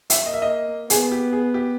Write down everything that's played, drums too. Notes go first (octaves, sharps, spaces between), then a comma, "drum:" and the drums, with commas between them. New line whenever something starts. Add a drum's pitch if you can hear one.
E5, drum: hi-hat
A#3 D#5
E5
D#5
B3 G#4, drum: hi-hat
G4
G#4
G4